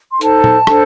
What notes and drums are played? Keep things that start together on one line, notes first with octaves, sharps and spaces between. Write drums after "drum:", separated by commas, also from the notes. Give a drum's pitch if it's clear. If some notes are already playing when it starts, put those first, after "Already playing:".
C6
D#4 A4 C5 A5, drum: hi-hat
drum: tom
D4 A4 C5, drum: rim click